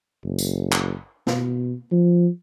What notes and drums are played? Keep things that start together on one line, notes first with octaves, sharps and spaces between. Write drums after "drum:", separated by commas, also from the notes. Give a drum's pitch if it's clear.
F#1
drum: tambourine
drum: clap
B2, drum: snare
F3